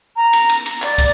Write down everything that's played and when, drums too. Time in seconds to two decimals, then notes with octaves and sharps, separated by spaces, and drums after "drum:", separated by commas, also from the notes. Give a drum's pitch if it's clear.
0.16 A#5
0.33 drum: cymbal
0.49 drum: cymbal
0.66 drum: cymbal
0.82 D5, drum: clap
0.98 drum: kick, cymbal